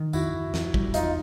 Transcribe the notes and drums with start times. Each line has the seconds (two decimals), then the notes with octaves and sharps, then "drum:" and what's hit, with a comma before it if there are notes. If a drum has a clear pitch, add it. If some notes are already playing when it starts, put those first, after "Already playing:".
Already playing: D#3
0.13 F2 E4 F#4, drum: tambourine
0.33 F2
0.54 F2, drum: snare
0.74 G3, drum: kick
0.94 E2 D#4 F4, drum: hi-hat